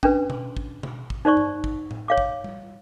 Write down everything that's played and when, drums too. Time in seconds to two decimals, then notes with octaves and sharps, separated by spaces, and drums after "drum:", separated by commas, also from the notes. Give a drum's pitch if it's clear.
0.03 C#4 D4 B4, drum: kick
0.30 drum: tom B2
0.57 drum: kick
0.83 drum: tom B2
1.10 drum: kick
1.25 D#4 C5 D5 C#6
1.37 drum: tom G2
1.64 drum: kick
1.91 drum: tom A2
2.08 C#5 F5 D6
2.18 drum: kick
2.44 drum: tom G3